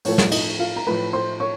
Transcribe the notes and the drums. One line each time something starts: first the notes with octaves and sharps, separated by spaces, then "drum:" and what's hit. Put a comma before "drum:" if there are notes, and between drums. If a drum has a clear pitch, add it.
A2 F3 A3 C#5, drum: open hi-hat
drum: snare
D#4 D#5, drum: cymbal
F4 F5
A#5
A2 F3 A3 B4 B5
C5 C6
C#5 C#6